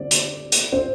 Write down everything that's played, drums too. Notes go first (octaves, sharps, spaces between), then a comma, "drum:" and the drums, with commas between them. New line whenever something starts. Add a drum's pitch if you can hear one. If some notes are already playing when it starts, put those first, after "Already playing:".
Already playing: D3 G3 C4 D5
drum: hi-hat
drum: hi-hat
C4 C5